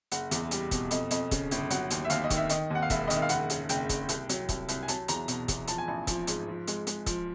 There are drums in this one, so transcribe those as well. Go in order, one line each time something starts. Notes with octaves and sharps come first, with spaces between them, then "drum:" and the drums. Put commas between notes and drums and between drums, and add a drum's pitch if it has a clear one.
F#1 F#5, drum: hi-hat
E2, drum: hi-hat
G3, drum: hi-hat
B2, drum: kick, hi-hat
F2 D#5, drum: hi-hat
F2 D#5, drum: hi-hat
C#3, drum: kick, hi-hat
G1, drum: hi-hat
F#3 F#5, drum: hi-hat
D#2, drum: hi-hat
E5
D#2 F5, drum: hi-hat
D#5
D#3, drum: kick, hi-hat
E5
D#3 D#5, drum: hi-hat
D#2 F#5
F5
E1 E5, drum: kick, hi-hat
D#5
D#3 E5, drum: hi-hat
F5
F#1 F#5, drum: hi-hat
C#3, drum: hi-hat
F#1 G5, drum: hi-hat
F#1, drum: kick, hi-hat
C2, drum: hi-hat
F#3, drum: hi-hat
C2, drum: kick, hi-hat
C2, drum: hi-hat
G#5
F#3 A5, drum: hi-hat
E2 A#5, drum: hi-hat
B2, drum: hi-hat
E2, drum: kick, hi-hat
F3 A5, drum: hi-hat
G#5
A1 A5
F3, drum: kick, hi-hat
G#2, drum: hi-hat
F3
G#3, drum: hi-hat
G#3, drum: hi-hat
F3, drum: kick, hi-hat